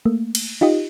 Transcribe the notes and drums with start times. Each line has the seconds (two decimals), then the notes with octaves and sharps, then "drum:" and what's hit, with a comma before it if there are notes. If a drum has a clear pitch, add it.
0.05 A3 A#3
0.35 drum: cymbal
0.61 D#4 F4 G4 D#5